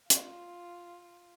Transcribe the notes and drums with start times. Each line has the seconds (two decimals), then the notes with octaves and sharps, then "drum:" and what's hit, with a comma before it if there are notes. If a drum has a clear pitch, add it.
0.10 F4, drum: hi-hat